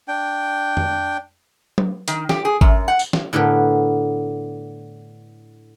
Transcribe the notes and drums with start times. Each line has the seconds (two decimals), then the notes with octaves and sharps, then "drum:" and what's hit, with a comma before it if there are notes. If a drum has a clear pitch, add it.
0.08 D4 G5
0.77 drum: tom F2
1.78 drum: tom
2.08 D#3, drum: hi-hat
2.29 G4, drum: snare
2.45 G#4
2.61 F#2, drum: kick G#1
2.88 F#5
2.99 drum: tambourine
3.13 drum: snare
3.33 A2 D3 B3 A#4 B4